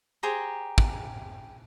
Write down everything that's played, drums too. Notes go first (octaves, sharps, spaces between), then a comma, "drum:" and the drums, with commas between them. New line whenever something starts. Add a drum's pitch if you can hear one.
G4 G#4 C5 A#5
drum: kick